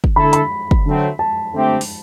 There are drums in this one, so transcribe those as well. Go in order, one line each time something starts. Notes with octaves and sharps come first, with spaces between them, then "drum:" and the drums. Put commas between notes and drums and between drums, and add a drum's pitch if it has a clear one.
drum: kick
D3 A3 E4 A4 B5
B5, drum: hi-hat
drum: kick
D3 F#3 A3 C4
A5
D3 A3 C4 G4
drum: open hi-hat